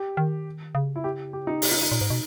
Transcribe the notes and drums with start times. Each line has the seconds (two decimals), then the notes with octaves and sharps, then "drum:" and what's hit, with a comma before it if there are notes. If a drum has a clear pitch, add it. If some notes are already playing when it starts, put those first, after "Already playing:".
Already playing: G4
0.17 D#3
0.75 C#3
0.96 E4
1.04 G4
1.33 G4
1.47 D#4
1.62 G4, drum: open hi-hat
1.71 D#4
1.82 D#4
1.92 A#2
2.01 G#2
2.10 B2